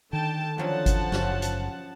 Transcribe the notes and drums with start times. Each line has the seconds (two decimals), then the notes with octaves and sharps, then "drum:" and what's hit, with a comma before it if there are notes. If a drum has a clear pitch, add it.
0.13 D3 D#3 G5 A5
0.58 D3 F3 F#3 C#4 F#5 A5
0.86 drum: kick G1, hi-hat
1.12 F#1 C#4, drum: snare
1.42 drum: hi-hat